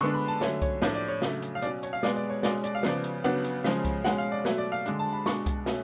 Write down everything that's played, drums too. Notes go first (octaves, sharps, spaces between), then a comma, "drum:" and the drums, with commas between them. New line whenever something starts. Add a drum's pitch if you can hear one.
D3 G#3 B3 D4 C#6
B5
A5
D3 F#3 A3 C#4 C#5, drum: snare
C#5, drum: kick C2, hi-hat
A2 F3 A3 D4 C#5, drum: snare
D5
C#5
C#3 F#3 A3 D4, drum: snare
drum: hi-hat
F5
B2 F#3 C#4 D5, drum: hi-hat
C#5, drum: hi-hat
F5
B2 G#3 B3 D5, drum: snare
D5
C#5
B2 G#3 C#4 D5, drum: snare
D5, drum: hi-hat
F5
C#3 F3 B3 D5, drum: snare
drum: hi-hat
C#3 F#3 B3 D4 F#5, drum: hi-hat
drum: hi-hat
C#3 F3 G#3 C#4, drum: snare
drum: kick C2, hi-hat
B2 G#3 C#4 F#5, drum: snare
F5
D5
B2 F#3 A3 C#5, drum: snare
D5
F5
D3 G#3 D4, drum: hi-hat
A5
B5
B2 G#3 D4 C#6, drum: snare
drum: kick C2, hi-hat
B2 A3 C#4, drum: snare